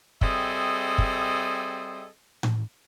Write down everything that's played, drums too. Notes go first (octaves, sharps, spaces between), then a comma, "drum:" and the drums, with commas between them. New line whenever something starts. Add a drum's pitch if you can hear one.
G3 C4 G#4 A4 D#5 E5, drum: kick
drum: kick
drum: tom A2